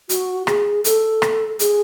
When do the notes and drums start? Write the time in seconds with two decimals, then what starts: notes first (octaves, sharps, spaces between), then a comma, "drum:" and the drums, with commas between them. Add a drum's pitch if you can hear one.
0.09 F#4, drum: hi-hat
0.47 G#4, drum: rim click
0.84 A4, drum: hi-hat
1.22 drum: rim click
1.59 G#4, drum: hi-hat